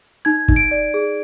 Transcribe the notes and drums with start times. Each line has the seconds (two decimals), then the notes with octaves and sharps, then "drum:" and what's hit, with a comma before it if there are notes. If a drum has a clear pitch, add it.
0.25 D#4 G#6
0.48 D#4, drum: kick
0.56 D7
0.71 D5
0.94 G#4